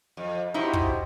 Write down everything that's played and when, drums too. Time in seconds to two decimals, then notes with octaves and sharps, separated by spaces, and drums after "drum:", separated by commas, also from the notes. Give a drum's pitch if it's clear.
0.17 F2 D#5
0.54 B2 D#4 E4 F#4 G4 C5 E5
0.73 drum: kick